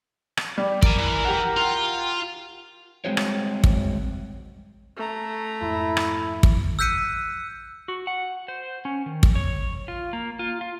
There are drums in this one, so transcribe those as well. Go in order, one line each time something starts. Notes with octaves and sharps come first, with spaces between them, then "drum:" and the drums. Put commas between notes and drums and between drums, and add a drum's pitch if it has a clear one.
drum: rim click
G3 G4
A#4 D5 G#5, drum: kick
E3
G4 F#5
F4
G3 G#3 C4 F#4 C5 C#5
drum: rim click
drum: kick
A3 A#5
F2 G#2 E4
drum: rim click
drum: kick
E6 F#6 G6 B6 C#7 D#7
F#4
F#5
C5
C#4
D#3
drum: kick
C#5
F4
A#3
F4
F4